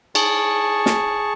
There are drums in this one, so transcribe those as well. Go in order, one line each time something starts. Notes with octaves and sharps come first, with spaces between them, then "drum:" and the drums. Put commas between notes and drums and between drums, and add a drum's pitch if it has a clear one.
G#4 A5 C#6, drum: cymbal
drum: snare